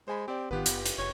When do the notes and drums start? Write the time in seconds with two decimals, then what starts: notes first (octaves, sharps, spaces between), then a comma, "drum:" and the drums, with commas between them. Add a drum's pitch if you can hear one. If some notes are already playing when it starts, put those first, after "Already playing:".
0.08 G#3 C5 G#5 B5
0.28 C4 G4 D5
0.51 G#1 D#3 B3 F4 G4 B4
0.66 F#1, drum: hi-hat
0.86 drum: hi-hat
0.98 F1 C#5